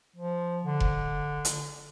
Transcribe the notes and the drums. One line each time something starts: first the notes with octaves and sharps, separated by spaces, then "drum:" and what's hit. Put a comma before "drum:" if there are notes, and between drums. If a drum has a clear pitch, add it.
F3
D3
drum: kick F1
drum: hi-hat